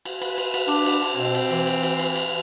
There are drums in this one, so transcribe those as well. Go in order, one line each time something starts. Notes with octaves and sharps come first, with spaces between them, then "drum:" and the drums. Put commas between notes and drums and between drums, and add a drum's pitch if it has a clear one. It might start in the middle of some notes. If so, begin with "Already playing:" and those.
drum: cymbal
B4, drum: cymbal
drum: cymbal
drum: cymbal
D4, drum: cymbal
drum: cymbal
drum: cymbal
B2 C4
drum: cymbal
E3, drum: cymbal
drum: cymbal
drum: cymbal
drum: cymbal
drum: cymbal